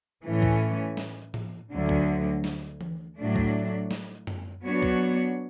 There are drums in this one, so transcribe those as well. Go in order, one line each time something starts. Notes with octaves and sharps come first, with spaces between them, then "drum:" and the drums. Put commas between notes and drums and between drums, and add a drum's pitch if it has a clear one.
A2 E3 A3 C#4
drum: kick
drum: snare
drum: tom A2
D2 D3 F#3
drum: kick
drum: snare
drum: tom E3
A2 F#3 A3 D4
drum: kick
drum: snare
drum: tom F#2
F#3 B3 D4 F#4 C#5
drum: kick